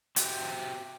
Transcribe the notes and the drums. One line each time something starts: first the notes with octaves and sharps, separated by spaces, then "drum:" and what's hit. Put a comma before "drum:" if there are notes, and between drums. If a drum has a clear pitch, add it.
C4 F#4 G4, drum: hi-hat